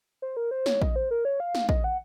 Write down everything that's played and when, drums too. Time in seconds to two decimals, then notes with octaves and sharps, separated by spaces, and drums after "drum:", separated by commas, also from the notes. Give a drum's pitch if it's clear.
0.22 C5
0.37 A#4
0.51 C5
0.66 C#5, drum: snare
0.82 D#5, drum: kick
0.96 C5
1.11 A#4
1.25 C#5
1.40 F5
1.55 drum: snare
1.69 D#5, drum: kick
1.84 F#5